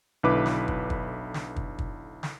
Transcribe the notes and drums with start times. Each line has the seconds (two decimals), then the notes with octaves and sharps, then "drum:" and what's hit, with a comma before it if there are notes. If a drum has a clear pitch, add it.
0.23 B1 D3 E4 B4 D6
0.46 drum: snare
0.68 drum: kick
0.90 drum: kick
1.34 drum: snare
1.56 drum: kick
1.79 drum: kick
2.23 drum: snare